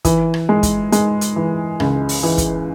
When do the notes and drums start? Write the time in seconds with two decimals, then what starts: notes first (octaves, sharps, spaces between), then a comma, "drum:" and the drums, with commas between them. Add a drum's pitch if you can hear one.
0.05 E3, drum: kick, hi-hat
0.34 drum: rim click
0.49 G#3
0.63 drum: kick, hi-hat
0.92 G#3, drum: hi-hat
1.21 drum: hi-hat
1.36 E3
1.80 C#2, drum: rim click
2.09 drum: open hi-hat
2.23 E3
2.38 drum: kick, hi-hat